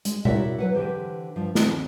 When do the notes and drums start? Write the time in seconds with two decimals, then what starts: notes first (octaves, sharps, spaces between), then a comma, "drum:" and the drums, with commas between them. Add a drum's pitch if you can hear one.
0.05 G#3, drum: hi-hat
0.25 E4 F#4 A#4 C#5 D5 E5, drum: tom B2
0.59 F#3 B4 F#5
0.75 D3 E3 G4 C5
1.36 G2 F3
1.55 D#2 C4, drum: snare